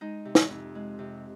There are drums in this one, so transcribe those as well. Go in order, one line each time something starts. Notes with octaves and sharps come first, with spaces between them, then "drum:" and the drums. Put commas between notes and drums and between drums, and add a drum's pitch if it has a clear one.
G#3 D#4
C3
drum: snare
F2
G#3
C3